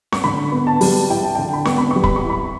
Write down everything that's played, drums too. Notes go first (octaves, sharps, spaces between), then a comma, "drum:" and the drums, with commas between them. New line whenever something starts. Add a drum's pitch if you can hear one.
C#6, drum: snare C#4
D3 B5
B3
A5
G3, drum: open hi-hat
E4 G5
A5
D3 G5
B5
B3 C#6, drum: snare C#4
B5
C#6
G3
B5, drum: kick
C#6
E4
B5